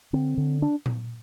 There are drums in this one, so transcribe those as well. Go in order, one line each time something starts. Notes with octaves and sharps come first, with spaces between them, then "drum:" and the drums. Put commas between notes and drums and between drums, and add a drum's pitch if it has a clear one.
D3 C4
D3
D4
drum: tom A#2